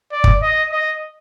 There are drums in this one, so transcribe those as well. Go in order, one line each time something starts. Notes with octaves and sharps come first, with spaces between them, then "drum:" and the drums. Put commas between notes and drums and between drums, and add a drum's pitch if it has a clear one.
D5
drum: kick
D#5
D#5